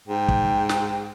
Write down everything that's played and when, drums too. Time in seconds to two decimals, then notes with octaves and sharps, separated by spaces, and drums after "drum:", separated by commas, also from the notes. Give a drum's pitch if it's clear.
0.08 G#2 G5
0.28 drum: kick
0.69 drum: snare